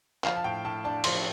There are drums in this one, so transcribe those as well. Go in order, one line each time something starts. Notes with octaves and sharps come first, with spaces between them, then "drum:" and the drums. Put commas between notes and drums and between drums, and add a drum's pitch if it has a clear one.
F3 F5, drum: clap
A5
A2 G5
A2 A5
D4 A5
F3 C6, drum: cymbal